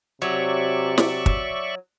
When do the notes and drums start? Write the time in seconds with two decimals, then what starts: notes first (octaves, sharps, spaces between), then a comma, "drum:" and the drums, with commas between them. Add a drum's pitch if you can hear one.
0.22 C3 F#3 D5 E5 C#6
0.98 drum: snare
1.26 drum: kick